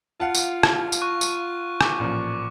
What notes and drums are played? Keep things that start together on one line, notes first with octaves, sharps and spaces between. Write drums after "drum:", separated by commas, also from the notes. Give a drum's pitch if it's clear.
F4 F5 F#5 A5
drum: tambourine
drum: rim click
drum: tambourine
C#6 F#6
drum: tambourine
D6, drum: rim click
A1 A#2 F3